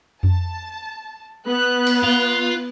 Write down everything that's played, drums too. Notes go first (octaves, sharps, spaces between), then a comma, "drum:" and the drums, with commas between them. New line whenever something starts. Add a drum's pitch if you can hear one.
A5, drum: tom F2
B3 F#6
drum: cymbal
F4